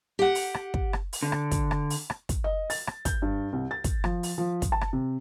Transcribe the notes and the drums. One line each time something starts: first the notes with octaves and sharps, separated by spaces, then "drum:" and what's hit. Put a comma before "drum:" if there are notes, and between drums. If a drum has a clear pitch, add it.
G4 F#5
drum: open hi-hat
drum: rim click
drum: kick
drum: rim click
drum: open hi-hat
D3
drum: rim click
drum: kick, hi-hat
drum: rim click
drum: open hi-hat
drum: rim click
drum: kick, hi-hat
D#5
A6, drum: open hi-hat
drum: rim click
G6, drum: kick, hi-hat
G2
C2
A6
drum: kick, hi-hat
F3, drum: rim click
drum: open hi-hat
F3
drum: kick, hi-hat
A5
drum: rim click
C3